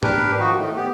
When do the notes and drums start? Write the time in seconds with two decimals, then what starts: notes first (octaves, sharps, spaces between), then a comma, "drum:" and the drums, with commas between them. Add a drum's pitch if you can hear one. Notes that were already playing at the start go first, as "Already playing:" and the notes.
0.03 D4 G4 A#4 B4, drum: tom G#2
0.39 D#3 F3 D#4 F#4
0.59 A2 D#3 A3
0.77 B3 G4